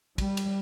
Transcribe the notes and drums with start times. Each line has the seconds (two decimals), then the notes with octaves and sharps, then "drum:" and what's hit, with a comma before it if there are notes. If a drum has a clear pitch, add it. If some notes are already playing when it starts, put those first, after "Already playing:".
0.18 G3, drum: kick, cymbal
0.37 drum: cymbal